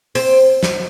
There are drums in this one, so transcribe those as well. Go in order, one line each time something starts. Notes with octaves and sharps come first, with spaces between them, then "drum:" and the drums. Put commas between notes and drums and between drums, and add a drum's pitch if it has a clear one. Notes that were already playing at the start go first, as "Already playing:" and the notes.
C4, drum: open hi-hat
drum: snare